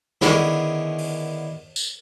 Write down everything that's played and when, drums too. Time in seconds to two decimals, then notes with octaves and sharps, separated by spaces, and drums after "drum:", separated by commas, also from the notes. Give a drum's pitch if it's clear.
0.21 D3 D#3 B3 C#4 E4 G#4, drum: snare
0.98 drum: open hi-hat
1.76 drum: tambourine